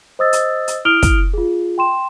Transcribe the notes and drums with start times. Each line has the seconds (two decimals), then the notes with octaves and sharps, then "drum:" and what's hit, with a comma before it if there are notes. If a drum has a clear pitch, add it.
0.19 C5 D#5 D#6 E6 A6
0.33 drum: hi-hat
0.68 drum: hi-hat
0.85 E4 D#6 F6 D7 F7 G7
1.03 drum: kick, hi-hat
1.34 F4 G#4
1.78 G5 C6 E7